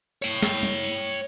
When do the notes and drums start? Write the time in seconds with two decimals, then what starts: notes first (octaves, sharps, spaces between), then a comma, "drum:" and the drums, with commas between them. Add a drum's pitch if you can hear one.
0.22 C#5 G5
0.42 drum: snare
0.63 drum: tom
0.83 drum: cymbal